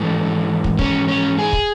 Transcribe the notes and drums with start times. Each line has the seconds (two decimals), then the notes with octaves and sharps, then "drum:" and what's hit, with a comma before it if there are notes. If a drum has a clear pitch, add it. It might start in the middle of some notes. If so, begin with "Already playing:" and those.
Already playing: G#2 E3 A3
0.64 drum: kick
0.79 C#4, drum: kick
1.08 C#4
1.39 G#4
1.53 drum: kick